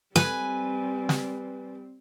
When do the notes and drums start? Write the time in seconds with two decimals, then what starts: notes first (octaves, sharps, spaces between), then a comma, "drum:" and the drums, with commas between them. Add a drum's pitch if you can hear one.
0.16 G3 C4 B4 G#5, drum: snare
1.09 drum: snare